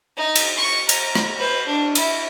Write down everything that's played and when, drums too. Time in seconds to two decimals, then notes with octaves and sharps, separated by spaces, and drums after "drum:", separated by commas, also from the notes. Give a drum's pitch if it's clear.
0.16 D#4
0.36 drum: cymbal
0.56 C#6
0.89 A#5, drum: cymbal
1.15 drum: rim click
1.38 B4 C5
1.66 D4
1.95 E4, drum: cymbal